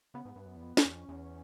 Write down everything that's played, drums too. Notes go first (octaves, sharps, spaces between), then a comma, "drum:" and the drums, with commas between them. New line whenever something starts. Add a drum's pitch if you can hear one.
C#3 B3
G#2
G2
F#2
E2
F2
C#4, drum: snare
E2
F2
E2